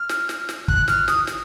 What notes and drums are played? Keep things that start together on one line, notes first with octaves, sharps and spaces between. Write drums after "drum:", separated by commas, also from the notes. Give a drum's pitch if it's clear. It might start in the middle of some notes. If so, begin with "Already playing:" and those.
Already playing: F6
drum: snare
drum: snare
drum: snare
F#6, drum: kick
F6, drum: snare
D#6, drum: snare
drum: snare